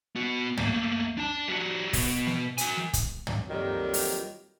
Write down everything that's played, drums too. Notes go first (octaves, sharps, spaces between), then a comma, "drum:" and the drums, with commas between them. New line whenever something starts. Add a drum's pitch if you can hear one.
B3 F#4
A3 A#3, drum: tom
D4 A5
G3 F#4
B2, drum: kick, open hi-hat
drum: snare
F#4 G#5, drum: hi-hat
drum: snare
drum: kick, hi-hat
drum: tom
F2 A#2 D#3 F#3 G3
drum: open hi-hat